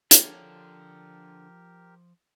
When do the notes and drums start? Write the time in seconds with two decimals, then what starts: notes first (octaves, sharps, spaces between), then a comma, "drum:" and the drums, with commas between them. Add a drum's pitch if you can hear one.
0.11 D3 F3 D4 G4 A4 A#4 C#5, drum: hi-hat